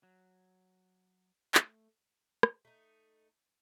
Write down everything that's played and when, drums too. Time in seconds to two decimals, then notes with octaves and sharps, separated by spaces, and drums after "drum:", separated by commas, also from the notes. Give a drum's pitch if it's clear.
0.03 F#3
1.55 A3, drum: clap
2.43 drum: rim click
2.65 A3 D#4